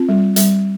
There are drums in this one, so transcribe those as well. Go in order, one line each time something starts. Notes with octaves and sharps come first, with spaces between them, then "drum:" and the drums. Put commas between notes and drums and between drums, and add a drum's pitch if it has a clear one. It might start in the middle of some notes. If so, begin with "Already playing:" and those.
Already playing: C4 F4
G3
G3, drum: hi-hat